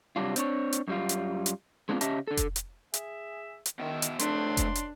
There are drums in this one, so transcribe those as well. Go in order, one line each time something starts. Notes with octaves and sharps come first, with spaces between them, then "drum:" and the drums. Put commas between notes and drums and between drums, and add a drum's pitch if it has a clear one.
C3 F#3 G3 D4 F4
C4 D4 C#5, drum: hi-hat
drum: hi-hat
F#2 G3 F4
drum: hi-hat
drum: hi-hat
G#3 B3 C4 D4 D#4 F4
C#3 C#4 G4 D#5 E5 A5, drum: hi-hat
D3 A4
drum: kick F1, hi-hat
drum: hi-hat
G#4 E5, drum: hi-hat
drum: hi-hat
B2 D#3 E5
drum: hi-hat
C#2 A3 C4 D4 C6, drum: hi-hat
drum: kick F1, hi-hat
drum: hi-hat